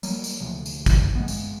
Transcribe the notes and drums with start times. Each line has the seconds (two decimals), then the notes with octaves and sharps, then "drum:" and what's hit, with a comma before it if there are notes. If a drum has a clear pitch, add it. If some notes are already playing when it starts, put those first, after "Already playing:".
0.03 F#3 G3 A#3, drum: tambourine
0.24 drum: tambourine
0.40 D2 C3 F3
0.66 drum: tambourine
0.86 drum: kick, tambourine
1.15 G#3 A#3 B3
1.28 drum: tambourine